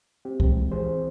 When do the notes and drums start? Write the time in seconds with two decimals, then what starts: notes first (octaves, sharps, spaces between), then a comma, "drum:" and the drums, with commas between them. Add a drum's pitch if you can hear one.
0.25 C4 G4
0.40 G#3, drum: kick C2
0.56 E3
0.72 E3 G#4 C5
0.88 C4